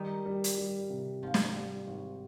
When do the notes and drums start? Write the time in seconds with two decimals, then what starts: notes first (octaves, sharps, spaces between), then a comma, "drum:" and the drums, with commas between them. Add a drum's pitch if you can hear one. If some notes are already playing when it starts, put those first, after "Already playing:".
Already playing: D#3 G3 D#4
0.26 G3
0.44 drum: hi-hat
0.58 G3
0.90 C3
1.22 G#1 F3 F4
1.34 drum: snare
1.55 G3
1.87 G#1